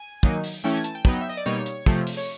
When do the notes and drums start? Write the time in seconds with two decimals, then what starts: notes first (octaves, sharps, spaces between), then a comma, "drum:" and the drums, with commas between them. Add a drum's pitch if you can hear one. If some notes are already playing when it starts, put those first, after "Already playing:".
Already playing: G#5
0.23 D#3 F#3 A#3 D#4, drum: kick
0.44 drum: open hi-hat
0.64 E3 A3 C#4 E4 G5
0.74 G#5
0.84 A5, drum: hi-hat
0.95 G5
1.05 F#3 B3 D#4, drum: kick
1.21 E5
1.29 D#5
1.37 D5
1.46 B2 G3 A#3 D#4 C#5
1.66 drum: hi-hat
1.86 C3 F3 A3, drum: kick
2.07 drum: open hi-hat
2.17 C#5